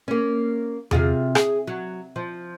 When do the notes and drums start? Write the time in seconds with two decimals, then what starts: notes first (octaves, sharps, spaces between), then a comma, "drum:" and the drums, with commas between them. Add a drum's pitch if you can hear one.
0.08 A#3 C#4
0.91 C3 F4 G#4, drum: tom E2
1.35 G#4, drum: rim click
1.67 F#3
2.16 F3